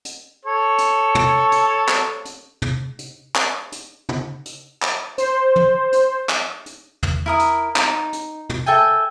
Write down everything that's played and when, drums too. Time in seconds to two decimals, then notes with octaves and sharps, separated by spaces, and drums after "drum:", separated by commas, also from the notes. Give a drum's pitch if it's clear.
0.05 drum: hi-hat
0.45 A4 C#5
0.78 drum: hi-hat
1.15 drum: tom
1.52 drum: hi-hat
1.88 drum: clap
2.25 drum: hi-hat
2.62 drum: tom
2.99 drum: hi-hat
3.35 drum: clap
3.72 drum: hi-hat
4.09 drum: tom
4.46 drum: hi-hat
4.82 drum: clap
5.18 C5, drum: hi-hat
5.56 drum: tom
5.92 drum: hi-hat
6.29 drum: clap
6.66 drum: hi-hat
7.03 drum: tom
7.26 E4 A#4 D#6
7.39 drum: hi-hat
7.76 D#4, drum: clap
8.13 drum: hi-hat
8.50 drum: tom
8.66 A4 E5 G5 G#5